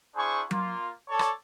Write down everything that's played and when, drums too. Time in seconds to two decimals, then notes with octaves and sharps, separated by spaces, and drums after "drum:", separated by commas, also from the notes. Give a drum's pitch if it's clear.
0.16 D4 E4 G#4 C5 G#5 C#6
0.51 A#3 F4, drum: tom F#3
1.09 A4 C#5 D5 A5
1.19 drum: rim click